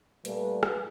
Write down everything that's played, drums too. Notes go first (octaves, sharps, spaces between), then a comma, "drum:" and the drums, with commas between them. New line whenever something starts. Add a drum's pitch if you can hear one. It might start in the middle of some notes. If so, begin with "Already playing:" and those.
A#2 G3 A3 B4, drum: hi-hat
drum: rim click